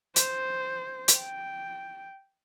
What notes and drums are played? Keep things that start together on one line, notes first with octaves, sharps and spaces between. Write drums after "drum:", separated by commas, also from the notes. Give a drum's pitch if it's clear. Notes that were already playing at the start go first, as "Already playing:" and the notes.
C5, drum: hi-hat
drum: hi-hat
G5